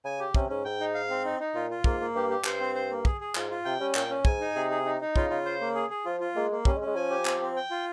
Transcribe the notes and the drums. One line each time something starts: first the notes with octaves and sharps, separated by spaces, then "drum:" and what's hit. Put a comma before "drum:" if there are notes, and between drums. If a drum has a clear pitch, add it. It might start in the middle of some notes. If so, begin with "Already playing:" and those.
C#3 G#5
G4
C3 C#4, drum: kick
G#2 C#4
G#2 G5
D#4
F5
C4
D#4
D#4
A#2 F4
F4
G#2 A#3, drum: kick
A#3
G2 G4
G4
G2 C5, drum: clap
C4
C5
A#3
G#4, drum: kick
G#4
G#2 F4, drum: clap
F4
C3 G5
G3 C#4
A#2 G5, drum: clap
C#4
G#2 G#5, drum: kick
D#4
C3 G#4
G#4
D#4
D#4
C#3 F4, drum: kick
C#3 F4
C5
A#3
G#4
G#4
F3 F4
F4
G#3 A#3
A#3
G3 C#4, drum: kick
G#3
C#4
G#3
F3 G#5
G4
C4, drum: clap
C4
G5
F4